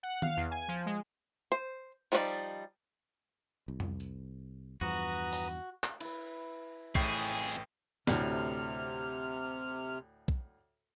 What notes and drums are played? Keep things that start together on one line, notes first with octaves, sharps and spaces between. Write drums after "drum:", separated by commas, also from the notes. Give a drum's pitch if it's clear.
F#5
F5, drum: tom D#3
E2
G#5
F3
G#3
C5
F3 G3 D#4 F#4 D5
C2
drum: tom F2
drum: tambourine
E2 G2 F3 F#4 B4 A#5 D#6
drum: open hi-hat
drum: clap
E4 B4, drum: cymbal
A1 F2 A2 G#4 G5 C7, drum: kick B1
D2 A2 C3 F6, drum: snare
drum: kick B1